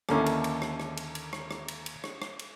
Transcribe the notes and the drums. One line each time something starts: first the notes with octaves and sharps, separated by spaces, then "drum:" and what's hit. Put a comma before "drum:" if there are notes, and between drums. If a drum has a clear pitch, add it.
D#2 D3 A#3 C#4 E4 D6, drum: rim click
drum: cymbal
drum: cymbal
drum: rim click
drum: rim click
drum: cymbal
drum: cymbal
drum: rim click
drum: rim click
drum: cymbal
drum: cymbal
drum: rim click
drum: rim click
drum: cymbal